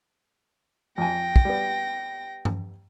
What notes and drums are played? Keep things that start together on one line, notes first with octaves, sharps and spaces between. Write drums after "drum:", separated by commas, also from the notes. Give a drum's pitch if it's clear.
F2 G5 G#5 A#6
drum: kick
G3 B3
drum: tom G2